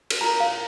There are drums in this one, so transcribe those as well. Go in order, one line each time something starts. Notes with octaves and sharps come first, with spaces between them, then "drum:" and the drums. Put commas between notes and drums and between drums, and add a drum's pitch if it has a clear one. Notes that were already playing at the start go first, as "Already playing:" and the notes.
drum: cymbal
F4 A#4 A#5
F5